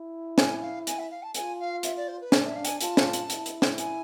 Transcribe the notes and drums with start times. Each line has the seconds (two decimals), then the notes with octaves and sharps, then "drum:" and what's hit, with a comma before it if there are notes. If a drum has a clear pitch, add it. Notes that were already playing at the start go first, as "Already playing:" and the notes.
Already playing: E4
0.38 G#5, drum: snare
0.62 F5
0.87 G#5, drum: hi-hat
0.98 E5
1.11 F5
1.22 A5
1.34 F4 G#5, drum: hi-hat
1.59 F5
1.83 E5, drum: hi-hat
1.96 D5
2.07 C5
2.20 B4
2.32 D4 C5, drum: snare
2.45 E5
2.55 F5
2.65 G#5, drum: hi-hat
2.81 F4 A5, drum: hi-hat
2.97 drum: snare
3.13 drum: hi-hat
3.30 E4, drum: hi-hat
3.46 drum: hi-hat
3.62 drum: snare
3.78 G#5, drum: hi-hat